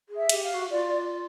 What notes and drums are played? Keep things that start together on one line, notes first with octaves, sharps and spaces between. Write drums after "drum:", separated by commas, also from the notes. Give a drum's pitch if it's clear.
G#4
E5
G#4, drum: cymbal
G4
F5
G4
F#4
F4 D5